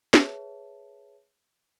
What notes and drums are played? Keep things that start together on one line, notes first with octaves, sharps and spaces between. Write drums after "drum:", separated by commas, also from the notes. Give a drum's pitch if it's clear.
G#4 B4 C#5 E5 A5, drum: snare